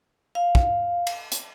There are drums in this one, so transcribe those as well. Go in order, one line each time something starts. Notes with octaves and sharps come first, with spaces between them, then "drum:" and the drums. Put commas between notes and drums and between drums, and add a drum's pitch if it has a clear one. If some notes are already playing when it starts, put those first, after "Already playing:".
F5
drum: kick
drum: cymbal
drum: hi-hat